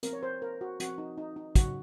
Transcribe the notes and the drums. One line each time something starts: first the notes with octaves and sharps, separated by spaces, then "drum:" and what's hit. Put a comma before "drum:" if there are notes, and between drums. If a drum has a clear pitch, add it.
F3 C4 A#4, drum: hi-hat
C#5
C5
A#4
F#4
F3 C4 F#4, drum: hi-hat
D#4
D#4
D#4
C#3 F#3 C#4 F#4, drum: kick, hi-hat